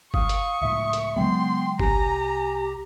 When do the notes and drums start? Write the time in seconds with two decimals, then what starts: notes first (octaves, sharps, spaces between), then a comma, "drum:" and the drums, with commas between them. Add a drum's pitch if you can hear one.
0.14 F5 C#6 D#6, drum: kick G1
0.29 drum: hi-hat
0.62 C#2 A2 E5
0.93 drum: hi-hat
1.16 C#3 F#3 G#3 B3 G5 C6
1.79 C2 G4 G#5 A#5, drum: kick G1